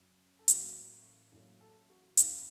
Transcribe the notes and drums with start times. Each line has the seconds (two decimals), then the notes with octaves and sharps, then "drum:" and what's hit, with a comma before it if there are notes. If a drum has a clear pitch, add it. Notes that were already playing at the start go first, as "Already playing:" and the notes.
Already playing: F#2 C#3 F#3
0.39 A4
0.48 A1 A2 F#3 A#3 F#4, drum: hi-hat
1.32 A1 A2 F#3 A#3
1.61 A4
1.90 F#4
2.17 F1 D#2 D#3 A3 F4, drum: hi-hat